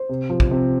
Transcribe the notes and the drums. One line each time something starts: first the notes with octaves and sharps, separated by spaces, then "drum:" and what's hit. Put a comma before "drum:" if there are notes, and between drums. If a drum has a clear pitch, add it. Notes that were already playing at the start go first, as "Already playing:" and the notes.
Already playing: C5
C3
F3
drum: kick
C3